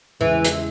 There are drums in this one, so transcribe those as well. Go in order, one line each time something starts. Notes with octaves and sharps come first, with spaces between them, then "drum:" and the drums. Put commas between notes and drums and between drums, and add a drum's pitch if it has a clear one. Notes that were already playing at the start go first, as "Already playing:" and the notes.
E2 C#3 E3 G#3
drum: hi-hat